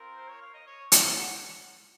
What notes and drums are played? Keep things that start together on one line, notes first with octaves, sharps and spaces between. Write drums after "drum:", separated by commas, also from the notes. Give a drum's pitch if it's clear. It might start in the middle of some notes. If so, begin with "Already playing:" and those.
Already playing: C4 F4 A#4
C5
C#5
F5
D#5
C#5
C5, drum: hi-hat
F5
F#5